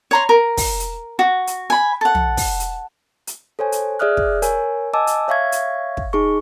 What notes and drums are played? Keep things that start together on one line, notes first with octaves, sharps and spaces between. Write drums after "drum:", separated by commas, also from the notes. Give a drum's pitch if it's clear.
C#5 A#5 C6
A#4
drum: kick, open hi-hat
drum: hi-hat
F#4
drum: hi-hat
G#5 B5
A4 F#5
drum: tom
drum: kick, open hi-hat
drum: hi-hat
drum: hi-hat
A4 C5 C#5 G#5
drum: hi-hat
G#4 D5 E5 D#6 F6 F#6
drum: kick
A#4 C#5 G#5, drum: hi-hat
D#5 G#5 A5 D6 E6
drum: hi-hat
C#5 E5 F5 C#6 G#6
drum: hi-hat
drum: kick
D#4 G#4 C#6